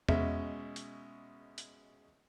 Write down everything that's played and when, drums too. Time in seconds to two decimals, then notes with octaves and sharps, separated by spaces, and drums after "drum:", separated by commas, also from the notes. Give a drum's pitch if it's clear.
0.09 B2 G#3 C#4 E5, drum: tom E2
0.76 drum: hi-hat
1.58 drum: hi-hat